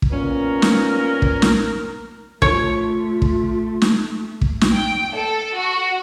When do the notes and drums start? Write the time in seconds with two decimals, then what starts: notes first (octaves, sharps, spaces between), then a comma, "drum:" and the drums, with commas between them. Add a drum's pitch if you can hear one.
0.02 drum: kick
0.12 A#2 B3 C#4 A#4
0.62 drum: snare
1.22 drum: kick
1.42 drum: snare
2.42 A3 F4 C#5, drum: kick
3.22 drum: kick
3.82 drum: snare
4.41 drum: kick
4.61 drum: snare
4.73 G5
5.14 A4
5.54 F#4